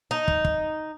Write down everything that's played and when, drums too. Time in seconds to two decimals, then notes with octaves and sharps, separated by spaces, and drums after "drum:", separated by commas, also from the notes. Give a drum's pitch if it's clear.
0.11 D#4
0.28 drum: kick
0.45 drum: kick